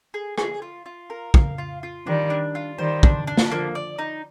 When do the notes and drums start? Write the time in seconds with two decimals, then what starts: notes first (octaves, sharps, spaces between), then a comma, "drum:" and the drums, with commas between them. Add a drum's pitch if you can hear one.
0.14 G#4
0.38 G#4, drum: rim click
0.62 F4
0.86 F4
1.10 A#4
1.34 F5, drum: kick
1.58 F4
1.83 F4
2.07 D#3 G3 D4
2.30 D4
2.55 F4
2.78 D#3 G3 C5
3.03 D4, drum: kick
3.27 D4
3.37 drum: snare
3.51 D3 F3 A#3
3.75 D5
3.99 D#4